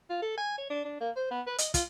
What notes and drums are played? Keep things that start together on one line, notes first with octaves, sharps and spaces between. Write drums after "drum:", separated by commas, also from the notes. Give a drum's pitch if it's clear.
F4
A4
G#5
C#5
D4
D4
A#3
C5
B3
B4
D#5, drum: hi-hat
F4, drum: kick, hi-hat